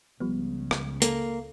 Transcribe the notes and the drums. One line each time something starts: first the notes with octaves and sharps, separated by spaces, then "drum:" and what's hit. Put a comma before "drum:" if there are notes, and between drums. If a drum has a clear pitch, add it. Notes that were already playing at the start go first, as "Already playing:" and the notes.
C#2 C#3 F3 G3 B3
drum: rim click
A#3 A4, drum: hi-hat